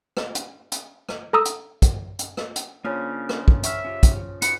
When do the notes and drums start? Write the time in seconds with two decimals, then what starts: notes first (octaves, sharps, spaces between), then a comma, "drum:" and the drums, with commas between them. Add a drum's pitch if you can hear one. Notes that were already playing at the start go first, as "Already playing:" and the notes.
0.17 drum: rim click
0.35 drum: hi-hat
0.72 drum: hi-hat
1.09 drum: rim click
1.33 A4 A#5 D#6 E6
1.45 drum: hi-hat
1.82 drum: kick, hi-hat
2.19 drum: hi-hat
2.37 drum: rim click
2.56 drum: hi-hat
2.84 C#3 F3 A#3 C#4 D4
3.29 drum: rim click
3.48 drum: kick
3.63 E3 E5 C#6 F6, drum: hi-hat
3.84 C#4 F4 G4
4.03 drum: kick, hi-hat
4.42 C#4 D#4 F#4 B4 C#7, drum: hi-hat